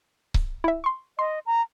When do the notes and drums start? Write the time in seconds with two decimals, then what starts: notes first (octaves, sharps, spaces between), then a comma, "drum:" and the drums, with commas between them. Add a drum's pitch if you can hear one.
0.34 drum: kick C#1
0.64 E4 E5
0.84 C6 C#6
1.19 D#5 C6
1.46 A#5